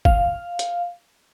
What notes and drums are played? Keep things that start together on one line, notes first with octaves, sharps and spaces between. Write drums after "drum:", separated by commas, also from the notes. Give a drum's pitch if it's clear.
F5, drum: kick
drum: hi-hat